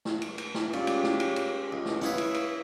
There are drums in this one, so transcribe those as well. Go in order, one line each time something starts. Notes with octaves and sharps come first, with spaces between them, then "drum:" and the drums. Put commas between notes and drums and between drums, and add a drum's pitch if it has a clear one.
drum: snare
drum: cymbal
drum: cymbal
drum: snare
A#2 G#3 C#4 G4, drum: cymbal
drum: cymbal
drum: snare
drum: cymbal
drum: cymbal
C#2
drum: snare
C#4 E4 G#4 B4 F5, drum: snare
drum: cymbal
drum: cymbal